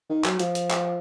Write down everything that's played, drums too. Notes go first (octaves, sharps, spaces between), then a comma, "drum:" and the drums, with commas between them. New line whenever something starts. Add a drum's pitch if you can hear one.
D#3
F#3, drum: clap
F3, drum: hi-hat
drum: hi-hat
drum: clap